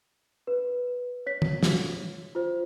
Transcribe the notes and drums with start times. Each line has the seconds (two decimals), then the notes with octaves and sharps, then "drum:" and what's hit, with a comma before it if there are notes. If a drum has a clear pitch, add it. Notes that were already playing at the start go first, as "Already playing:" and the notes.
0.47 B4
1.26 C#5 B6
1.42 drum: tom
1.63 drum: snare
2.35 F4 C5